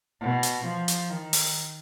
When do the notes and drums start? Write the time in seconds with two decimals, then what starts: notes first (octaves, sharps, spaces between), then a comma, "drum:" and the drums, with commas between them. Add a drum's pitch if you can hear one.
0.21 B2
0.43 drum: hi-hat
0.65 F3
0.88 drum: hi-hat
1.10 D#3
1.33 drum: open hi-hat